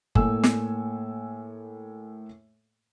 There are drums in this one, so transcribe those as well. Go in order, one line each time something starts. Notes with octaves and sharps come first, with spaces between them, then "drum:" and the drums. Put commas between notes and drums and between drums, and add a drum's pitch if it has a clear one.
A2 A#3 A4 G#5 E6, drum: kick F#1
drum: snare